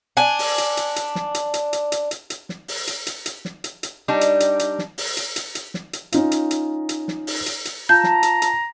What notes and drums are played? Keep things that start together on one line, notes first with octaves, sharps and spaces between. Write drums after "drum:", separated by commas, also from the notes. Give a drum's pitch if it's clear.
D4 G#5
drum: open hi-hat
drum: hi-hat
drum: hi-hat
drum: hi-hat
drum: snare
drum: hi-hat
drum: hi-hat
drum: hi-hat
drum: hi-hat
drum: hi-hat
drum: hi-hat
drum: snare
drum: open hi-hat
drum: hi-hat
drum: hi-hat
drum: hi-hat
drum: snare
drum: hi-hat
drum: hi-hat
G3 D4 D#4
drum: hi-hat
drum: hi-hat
drum: hi-hat
drum: snare
drum: open hi-hat
drum: hi-hat
drum: hi-hat
drum: hi-hat
drum: snare
drum: hi-hat
C#4 D#4 F4, drum: hi-hat
drum: hi-hat
drum: hi-hat
drum: hi-hat
drum: snare
drum: open hi-hat
drum: hi-hat
drum: hi-hat
F4 A5 A#5 G6
drum: snare
drum: hi-hat
drum: hi-hat